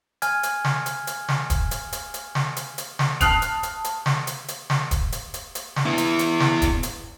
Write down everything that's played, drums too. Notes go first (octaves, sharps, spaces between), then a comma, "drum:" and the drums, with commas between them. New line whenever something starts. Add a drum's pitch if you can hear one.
G#5 F6 G#6, drum: hi-hat
drum: hi-hat
drum: snare
drum: hi-hat
drum: hi-hat
drum: snare
drum: kick D#1, hi-hat
drum: hi-hat
drum: hi-hat
drum: hi-hat
drum: snare
drum: hi-hat
drum: hi-hat
drum: snare
A5 D#6 F6 F#6 C7 F7, drum: kick D#1, hi-hat
drum: hi-hat
drum: hi-hat
drum: hi-hat
drum: snare
drum: hi-hat
drum: hi-hat
drum: snare
drum: kick D#1, hi-hat
drum: hi-hat
drum: hi-hat
drum: hi-hat
drum: snare
B3 E4
drum: hi-hat
drum: hi-hat
drum: snare
drum: kick D#1, hi-hat
drum: hi-hat